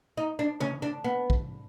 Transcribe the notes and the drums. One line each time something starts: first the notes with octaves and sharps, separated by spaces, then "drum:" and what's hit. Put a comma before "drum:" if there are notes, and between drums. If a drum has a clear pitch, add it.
D#4
D4
C#4, drum: tom C#3
D4
B3
drum: kick